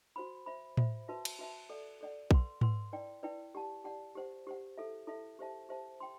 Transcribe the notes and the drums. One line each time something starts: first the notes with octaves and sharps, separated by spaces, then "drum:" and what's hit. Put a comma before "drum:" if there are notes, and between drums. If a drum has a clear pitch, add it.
F#4 C5 F#5 B5
C5 E5 B5
C5 E5 B5, drum: tom A2
F#4 B4 E5 A5
drum: cymbal
F#4 B4 E5 A5
A4 D5 F#5
A4 D5 F#5
B4 F#5 C6, drum: kick
B4 F#5 C6, drum: tom G#2
E4 B4 D5 G5
E4 B4 D5 G5
G4 D5 F#5 A5
G4 D5 F#5 A5
G4 C5 F#5
G4 C5 F#5
E4 A4 E5
E4 A4 E5
G4 C5 E5 A5
G4 C5 E5 A5
G5 C6